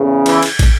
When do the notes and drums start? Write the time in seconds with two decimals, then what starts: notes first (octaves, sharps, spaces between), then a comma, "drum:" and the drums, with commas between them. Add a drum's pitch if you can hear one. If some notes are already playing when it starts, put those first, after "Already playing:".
Already playing: E2 C#3
0.26 E3, drum: cymbal
0.43 drum: cymbal
0.59 drum: kick, cymbal